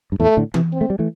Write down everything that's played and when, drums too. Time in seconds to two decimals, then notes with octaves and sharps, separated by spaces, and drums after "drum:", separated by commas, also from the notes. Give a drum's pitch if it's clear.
0.12 G2
0.20 E2 A2 A3
0.37 A2 D3
0.54 C3 E3, drum: tom E3
0.72 C4
0.81 A3
0.90 G3
0.99 E3 A3